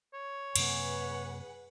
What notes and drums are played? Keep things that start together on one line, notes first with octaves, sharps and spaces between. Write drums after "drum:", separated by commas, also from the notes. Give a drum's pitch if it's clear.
C#5
F#2 C3 A#3 G#4 B4 F#5, drum: cymbal